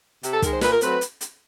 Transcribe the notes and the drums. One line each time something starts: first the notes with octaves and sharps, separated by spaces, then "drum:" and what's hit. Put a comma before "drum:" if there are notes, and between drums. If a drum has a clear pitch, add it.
C3, drum: hi-hat
A4
D#3 G#3 A#4, drum: kick, hi-hat
C5
A#2 B4, drum: snare
A#4
F#3 A3 C4 B4, drum: hi-hat
drum: hi-hat
drum: hi-hat